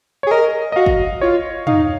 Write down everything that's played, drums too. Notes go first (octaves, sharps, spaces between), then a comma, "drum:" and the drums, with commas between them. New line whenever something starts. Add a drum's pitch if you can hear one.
C#5
G#4
A#4 D#5
D#5
F#4 F5
drum: kick
F4 C#5
D#4 F5, drum: tom